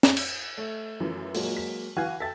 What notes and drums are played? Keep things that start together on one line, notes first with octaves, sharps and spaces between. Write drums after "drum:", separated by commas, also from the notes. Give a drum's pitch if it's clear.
drum: snare
drum: cymbal
A3
F#2 E3 F3
A#2 F#3 G#3 A#3, drum: open hi-hat
B6
E3 F#4 F5 G#5 F#6 G#6
A4 E5 G5 A5 A6 B6